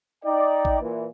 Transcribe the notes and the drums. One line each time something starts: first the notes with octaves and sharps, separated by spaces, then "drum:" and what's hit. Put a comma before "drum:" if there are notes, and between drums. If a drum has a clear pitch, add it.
D#4 D5 G5
drum: kick A1
A#2 E3